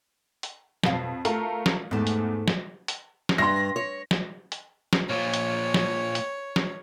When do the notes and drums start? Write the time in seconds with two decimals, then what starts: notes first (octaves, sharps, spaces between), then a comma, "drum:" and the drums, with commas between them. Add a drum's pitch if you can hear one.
0.43 drum: hi-hat
0.83 F2 B2 F5, drum: snare
1.25 A3 F4 A#4 F5, drum: hi-hat
1.66 drum: snare
1.91 E2 G#2 A3
2.07 drum: hi-hat
2.48 drum: snare
2.88 drum: hi-hat
3.29 drum: snare
3.38 G2 C6 A#6
3.76 C#5
4.11 drum: snare
4.52 drum: hi-hat
4.93 drum: snare
5.09 A#2 F3 C#5
5.34 drum: hi-hat
5.74 drum: snare
6.15 drum: hi-hat
6.56 drum: snare